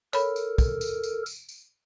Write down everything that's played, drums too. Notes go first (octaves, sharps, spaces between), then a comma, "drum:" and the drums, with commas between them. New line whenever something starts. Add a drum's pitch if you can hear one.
A4 A#4 C#5 B5, drum: tambourine
drum: tambourine
drum: kick, tambourine
drum: tambourine
drum: tambourine
drum: tambourine
drum: tambourine